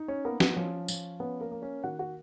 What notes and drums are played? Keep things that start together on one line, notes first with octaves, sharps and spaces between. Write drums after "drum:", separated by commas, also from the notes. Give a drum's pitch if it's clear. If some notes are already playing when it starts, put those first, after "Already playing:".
Already playing: D#4
C#4 C#5
A#3 B3 A#4
B3 B4, drum: snare
F3 C#4 C#5
F3, drum: tambourine
B3 C#4 B4
A#3 A#4
A#3
C#4 C#5
D#3 F#4 F#5
F#4 F#5